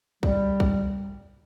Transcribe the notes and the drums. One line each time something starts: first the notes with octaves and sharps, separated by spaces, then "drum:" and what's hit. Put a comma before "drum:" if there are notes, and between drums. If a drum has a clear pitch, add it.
G3, drum: kick
drum: kick